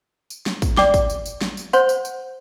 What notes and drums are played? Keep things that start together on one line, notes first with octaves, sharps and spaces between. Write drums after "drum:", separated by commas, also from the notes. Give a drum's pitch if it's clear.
drum: tambourine
drum: snare
drum: kick, tambourine
D5 G5 D6, drum: snare
drum: kick, tambourine
drum: tambourine
drum: tambourine
drum: snare
drum: tambourine
C5 F#5 C6 G6, drum: tambourine
drum: tambourine
drum: tambourine